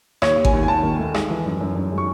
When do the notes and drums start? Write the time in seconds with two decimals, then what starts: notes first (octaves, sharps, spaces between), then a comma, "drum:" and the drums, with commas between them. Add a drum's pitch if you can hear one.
0.22 D#2 C#5, drum: rim click
0.38 D#2
0.45 G#5, drum: kick G#1
0.53 D#2
0.63 G#5
0.68 D#2 A5
0.83 D#3
0.99 A3
1.14 G#3, drum: rim click
1.30 E3
1.46 F#2
1.61 F#2
1.76 F#2
1.92 G#3
1.98 C#6